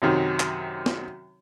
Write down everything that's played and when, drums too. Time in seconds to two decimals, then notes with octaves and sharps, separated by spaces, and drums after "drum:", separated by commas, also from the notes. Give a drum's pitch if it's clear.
0.02 F#2 C3 D#3 F#3
0.40 drum: clap
0.86 drum: snare